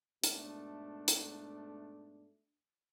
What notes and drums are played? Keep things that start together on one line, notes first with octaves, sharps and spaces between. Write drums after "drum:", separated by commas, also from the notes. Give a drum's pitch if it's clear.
G#2 B2 A3 D4, drum: hi-hat
drum: hi-hat